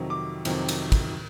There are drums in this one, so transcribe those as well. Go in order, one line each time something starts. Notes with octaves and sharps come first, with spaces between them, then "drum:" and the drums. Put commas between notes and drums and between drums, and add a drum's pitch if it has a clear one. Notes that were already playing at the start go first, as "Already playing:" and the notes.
Already playing: F2 C3 D#3 F#3
D6
F2 C3 D#3 F#3, drum: cymbal
drum: cymbal
drum: kick, cymbal